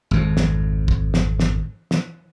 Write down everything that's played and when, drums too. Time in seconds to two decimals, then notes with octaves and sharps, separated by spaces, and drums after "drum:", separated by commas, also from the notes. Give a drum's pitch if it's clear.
0.11 G#1 F2
0.37 drum: snare
0.88 drum: kick
1.14 drum: snare
1.40 drum: snare
1.91 drum: snare